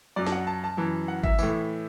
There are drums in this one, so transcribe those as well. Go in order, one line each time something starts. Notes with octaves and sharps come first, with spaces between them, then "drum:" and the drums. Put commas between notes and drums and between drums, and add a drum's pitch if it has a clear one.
F#2 F#3 D5
A5, drum: snare
F#5
A5
A5
F#2 E3
F#5
E5, drum: kick G#1
A2 E3, drum: tambourine